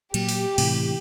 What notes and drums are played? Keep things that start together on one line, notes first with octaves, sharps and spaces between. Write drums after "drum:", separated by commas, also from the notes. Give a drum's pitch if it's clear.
A#2 F#3 G4, drum: cymbal
drum: open hi-hat
A2 C3 E3, drum: cymbal